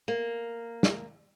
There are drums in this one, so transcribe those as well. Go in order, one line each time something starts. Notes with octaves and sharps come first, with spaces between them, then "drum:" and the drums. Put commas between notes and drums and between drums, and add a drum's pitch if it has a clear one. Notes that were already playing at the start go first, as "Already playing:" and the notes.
A#3
drum: snare